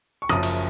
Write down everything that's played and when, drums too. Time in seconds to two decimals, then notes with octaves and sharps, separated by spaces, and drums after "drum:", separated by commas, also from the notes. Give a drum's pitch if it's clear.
0.22 C#6
0.29 F#1 F#2 F3 D#6, drum: rim click
0.43 drum: cymbal